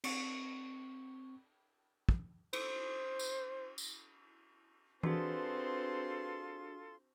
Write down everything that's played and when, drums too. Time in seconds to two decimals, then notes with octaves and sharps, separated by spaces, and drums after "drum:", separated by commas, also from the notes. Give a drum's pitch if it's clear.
0.04 C4 C#6, drum: cymbal
2.09 drum: kick
2.53 C5, drum: cymbal
3.19 drum: tambourine
3.78 drum: tambourine
5.03 C4 D4 F4 F#4 G#4 A4 B4 C6, drum: tom E3